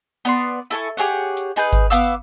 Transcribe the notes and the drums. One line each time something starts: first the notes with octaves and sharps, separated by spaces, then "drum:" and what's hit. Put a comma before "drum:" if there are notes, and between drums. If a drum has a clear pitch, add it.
B3 D5 C6
E4 A4 G#5 C#6
G4 G#4 C#5 F#5
drum: hi-hat
D#4 G#4 B4 G6
drum: kick G#1, hi-hat
B3 F5 D6 E6